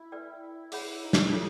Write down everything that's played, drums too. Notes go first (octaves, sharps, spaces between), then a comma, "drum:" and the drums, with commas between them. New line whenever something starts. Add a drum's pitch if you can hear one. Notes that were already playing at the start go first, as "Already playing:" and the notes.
Already playing: E4
B4 D5 G5
G#4 C#5 F#5 B5, drum: open hi-hat
D#4
drum: snare
F4 A4 C#5